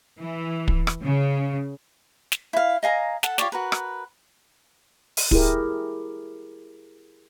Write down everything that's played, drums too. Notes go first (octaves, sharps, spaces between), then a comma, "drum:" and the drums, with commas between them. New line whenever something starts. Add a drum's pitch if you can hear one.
E3
drum: kick
drum: rim click
C#3
drum: snare
E4 F5
D#5 F5 G#5 A#5
A4 F#5 A5, drum: snare
F4 G4 C#5 D5, drum: snare
F#4 A#4 B4
drum: rim click
drum: open hi-hat
E4 G4 G#4 A#4, drum: kick